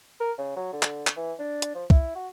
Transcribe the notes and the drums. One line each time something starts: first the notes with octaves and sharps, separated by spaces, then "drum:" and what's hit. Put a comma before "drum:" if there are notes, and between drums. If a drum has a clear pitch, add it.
A#4
C#3
F#3
D3
drum: clap
drum: clap
E3
D4
drum: hi-hat
F3
E4, drum: kick
F#4